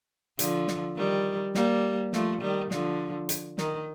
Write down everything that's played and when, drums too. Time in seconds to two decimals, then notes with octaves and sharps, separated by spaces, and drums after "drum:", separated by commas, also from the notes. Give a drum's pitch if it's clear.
0.39 D3 F3, drum: hi-hat
0.68 drum: snare
0.97 D#3 G3
1.55 G3 A#3, drum: snare
2.13 F3 A3, drum: snare
2.41 D#3 G3
2.71 D3 F3, drum: snare
3.29 drum: hi-hat
3.58 D#3, drum: snare